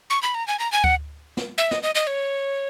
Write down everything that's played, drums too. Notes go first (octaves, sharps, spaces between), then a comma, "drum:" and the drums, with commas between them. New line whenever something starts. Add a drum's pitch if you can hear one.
C#6
B5
A#5
G#5
A#5
G#5
F#5, drum: kick D2
drum: snare
E5
D#5, drum: snare
D#5
D#5
C#5